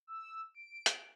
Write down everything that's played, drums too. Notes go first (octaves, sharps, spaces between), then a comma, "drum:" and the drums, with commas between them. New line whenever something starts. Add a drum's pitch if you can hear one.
E6
D7
drum: hi-hat